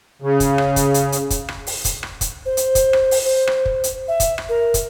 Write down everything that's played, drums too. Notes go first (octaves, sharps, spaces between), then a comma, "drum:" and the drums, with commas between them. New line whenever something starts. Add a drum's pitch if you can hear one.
C#3
drum: kick, hi-hat
drum: rim click
drum: kick, hi-hat
drum: hi-hat
drum: hi-hat
drum: kick, hi-hat
drum: rim click
drum: open hi-hat
drum: kick, hi-hat
drum: rim click
drum: kick, hi-hat
C5
drum: hi-hat
drum: kick, hi-hat
drum: rim click
drum: open hi-hat
C5
drum: rim click
drum: kick
drum: hi-hat
E5
drum: kick, hi-hat
drum: rim click
A#4
drum: kick, hi-hat